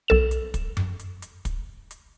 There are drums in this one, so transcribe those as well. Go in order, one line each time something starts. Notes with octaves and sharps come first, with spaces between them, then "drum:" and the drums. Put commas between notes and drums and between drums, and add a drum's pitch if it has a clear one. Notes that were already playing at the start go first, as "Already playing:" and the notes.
B1 A4 E7
drum: hi-hat
drum: kick, hi-hat
drum: tom F#2
drum: hi-hat
drum: hi-hat
drum: kick, hi-hat
drum: hi-hat